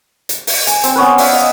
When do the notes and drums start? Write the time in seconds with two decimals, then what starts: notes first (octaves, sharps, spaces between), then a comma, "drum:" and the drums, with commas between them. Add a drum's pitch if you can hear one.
0.29 drum: hi-hat
0.47 drum: open hi-hat
0.67 G#5, drum: hi-hat
0.83 C4, drum: hi-hat
0.95 B3 C#4 B4
1.18 D5 E5 F5, drum: open hi-hat
1.33 D#5 E5